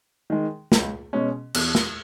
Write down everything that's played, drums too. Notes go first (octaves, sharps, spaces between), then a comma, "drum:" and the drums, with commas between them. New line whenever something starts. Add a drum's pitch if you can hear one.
D#3 G#3
C#2, drum: snare
B2 G#3 C#4
E2, drum: cymbal
drum: snare